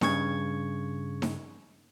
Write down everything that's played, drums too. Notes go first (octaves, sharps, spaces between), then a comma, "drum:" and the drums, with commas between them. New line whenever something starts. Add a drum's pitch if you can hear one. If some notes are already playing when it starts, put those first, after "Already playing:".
G2 C#3 C#6 G#6, drum: snare D#4
drum: snare D#4